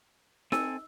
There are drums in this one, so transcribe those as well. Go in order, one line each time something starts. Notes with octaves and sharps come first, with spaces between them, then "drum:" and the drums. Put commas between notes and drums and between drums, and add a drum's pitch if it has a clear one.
C4 A4 G#5 E6, drum: snare D#4